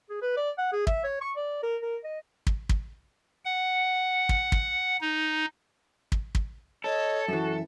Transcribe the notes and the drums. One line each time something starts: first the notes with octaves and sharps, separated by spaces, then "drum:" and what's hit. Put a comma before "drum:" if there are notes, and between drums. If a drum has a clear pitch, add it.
G#4
B4
D5
F#5
G#4
E5, drum: kick
C#5
C#6
D5
A#4
A#4
D#5
drum: kick
drum: kick
F#5
drum: kick
drum: kick
D#4
drum: kick
drum: kick
A4 C#5 D#5
F#2 E3 F#4 E5